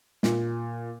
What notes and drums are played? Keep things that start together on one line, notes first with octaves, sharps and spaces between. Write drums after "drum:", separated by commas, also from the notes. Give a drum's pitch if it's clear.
A#2, drum: snare